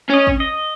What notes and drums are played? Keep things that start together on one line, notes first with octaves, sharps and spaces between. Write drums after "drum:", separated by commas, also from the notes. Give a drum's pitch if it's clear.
C#4 D#5
drum: kick
D#5